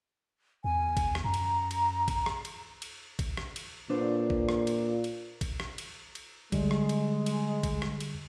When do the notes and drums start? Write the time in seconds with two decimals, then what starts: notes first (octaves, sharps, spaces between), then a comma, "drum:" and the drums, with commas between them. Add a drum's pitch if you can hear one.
0.64 E2 G#5
0.97 drum: kick A1, cymbal
1.15 drum: rim click
1.24 F#2 A#5
1.34 drum: cymbal
1.71 drum: cymbal
2.08 drum: kick A1, cymbal
2.26 drum: rim click
2.45 drum: cymbal
2.82 drum: cymbal
3.19 drum: kick A1, cymbal
3.37 drum: rim click
3.56 drum: cymbal
3.90 A#2 D4 B4 C5
4.30 drum: kick A1
4.49 drum: rim click
4.67 drum: cymbal
5.04 drum: cymbal
5.41 drum: kick A1, cymbal
5.60 drum: rim click
5.78 drum: cymbal
6.15 drum: cymbal
6.52 D3 G3 G#3, drum: kick A1, cymbal
6.71 drum: rim click
6.89 drum: cymbal
7.26 drum: cymbal
7.63 drum: kick A1, cymbal
7.82 drum: rim click
8.00 drum: cymbal